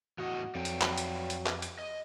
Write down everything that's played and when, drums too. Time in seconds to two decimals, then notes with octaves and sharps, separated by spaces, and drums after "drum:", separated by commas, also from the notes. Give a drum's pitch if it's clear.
0.18 E2 A2 F#4 D#5 F#5
0.55 F2 F#3 D5 F5 G5
0.65 drum: hi-hat
0.81 drum: clap
0.98 drum: hi-hat
1.30 drum: hi-hat
1.46 drum: clap
1.62 drum: hi-hat
1.79 D#5